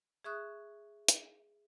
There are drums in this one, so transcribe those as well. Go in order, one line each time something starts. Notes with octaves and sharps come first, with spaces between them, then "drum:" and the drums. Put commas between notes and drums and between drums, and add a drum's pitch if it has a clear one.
G#4 E5 C#6 D#6 F#6
drum: hi-hat